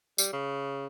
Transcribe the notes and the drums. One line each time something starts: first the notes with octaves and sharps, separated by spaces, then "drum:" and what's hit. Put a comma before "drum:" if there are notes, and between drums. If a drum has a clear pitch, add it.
G3, drum: tambourine
C#3